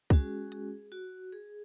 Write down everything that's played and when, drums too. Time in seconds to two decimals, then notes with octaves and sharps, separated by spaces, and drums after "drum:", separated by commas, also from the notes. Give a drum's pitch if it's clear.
0.10 G#3 C#4 F#4 G#4, drum: kick
0.52 drum: hi-hat
0.92 F#4
1.32 G#4